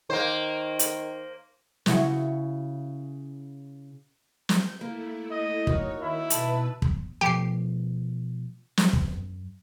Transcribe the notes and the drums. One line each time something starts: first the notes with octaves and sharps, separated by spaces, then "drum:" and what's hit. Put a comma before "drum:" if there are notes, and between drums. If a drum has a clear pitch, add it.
D#3 A#3 C5
drum: hi-hat
C#3 E4 F#4, drum: snare
G6, drum: snare
A3 A#3 E4
D#5
D#4 F#4 A#4 C#5, drum: kick
D#3 E4
B2 B4 A5 E6, drum: hi-hat
drum: kick
B2 F3 A3 G4 C7
drum: snare
drum: kick
F#2